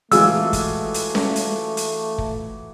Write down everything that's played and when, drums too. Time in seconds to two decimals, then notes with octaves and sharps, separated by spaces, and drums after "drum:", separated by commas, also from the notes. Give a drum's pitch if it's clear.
0.12 E3 F#3 G#3 A3 F4 G#4 E6, drum: hi-hat
0.53 drum: kick, hi-hat
0.94 drum: hi-hat
1.15 drum: snare C#4
1.36 drum: hi-hat
1.77 drum: hi-hat
2.18 drum: kick